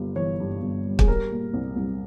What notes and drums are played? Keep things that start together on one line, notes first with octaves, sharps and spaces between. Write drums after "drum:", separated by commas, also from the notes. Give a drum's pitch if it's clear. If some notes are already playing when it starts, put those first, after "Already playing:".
Already playing: G1 G2 G3
E3 C#5
G2
G1
G3
G#4, drum: kick
G3 A#4
A#2
C2
C2